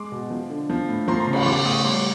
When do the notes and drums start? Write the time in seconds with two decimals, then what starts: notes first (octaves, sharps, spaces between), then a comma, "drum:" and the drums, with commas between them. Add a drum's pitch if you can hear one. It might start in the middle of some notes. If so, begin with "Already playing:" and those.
Already playing: G#3 C6 D6
0.12 B2
0.30 F3
0.49 D3
0.70 F3
0.88 A2
1.08 F3 A#5 C6
1.20 A#5 C6
1.27 C#3
1.33 B5 C#6, drum: cymbal
1.46 F3 C6 D6
1.65 A2 C#6 D#6
1.85 G3 C6 D6